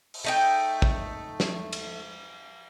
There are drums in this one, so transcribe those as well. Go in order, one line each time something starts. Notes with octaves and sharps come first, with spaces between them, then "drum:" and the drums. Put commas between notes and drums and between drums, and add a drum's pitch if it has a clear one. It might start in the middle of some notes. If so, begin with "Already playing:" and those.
drum: open hi-hat
A3 D#4 G5
drum: kick
drum: snare
drum: cymbal